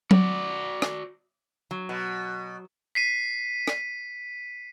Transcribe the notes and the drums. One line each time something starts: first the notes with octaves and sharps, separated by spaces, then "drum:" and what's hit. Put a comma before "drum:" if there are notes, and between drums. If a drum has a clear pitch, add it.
F#4 D5, drum: tom F#3
drum: rim click
F#3
B2
B6 C7 D#7
drum: rim click